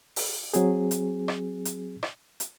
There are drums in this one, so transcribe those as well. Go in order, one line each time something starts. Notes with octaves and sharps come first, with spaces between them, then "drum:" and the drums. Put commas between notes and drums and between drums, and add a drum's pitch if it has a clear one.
drum: open hi-hat
F#3 C4 G#4, drum: hi-hat
drum: hi-hat
drum: rim click
drum: hi-hat
drum: rim click
drum: hi-hat